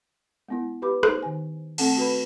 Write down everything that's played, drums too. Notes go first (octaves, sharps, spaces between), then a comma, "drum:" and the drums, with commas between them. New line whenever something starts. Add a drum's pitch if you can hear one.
G#3 B3 E4
G4 B4 B5 D6
D#4 C5, drum: rim click
D#3 G#5
A3 C4 A4 F#5 A5, drum: cymbal
F#4 B4 B5